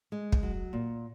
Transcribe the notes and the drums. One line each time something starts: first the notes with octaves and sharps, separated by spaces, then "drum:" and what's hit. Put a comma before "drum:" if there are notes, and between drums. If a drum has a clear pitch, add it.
G#3
drum: kick
F#3
A#2